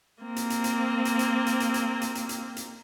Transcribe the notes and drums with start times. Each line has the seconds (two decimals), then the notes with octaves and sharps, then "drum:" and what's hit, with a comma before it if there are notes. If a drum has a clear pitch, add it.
0.23 A#3 C4
0.36 drum: hi-hat
0.50 drum: hi-hat
0.64 drum: hi-hat
1.05 drum: hi-hat
1.19 drum: hi-hat
1.46 drum: hi-hat
1.60 drum: hi-hat
1.74 drum: hi-hat
2.01 drum: hi-hat
2.15 drum: hi-hat
2.29 drum: hi-hat
2.57 drum: hi-hat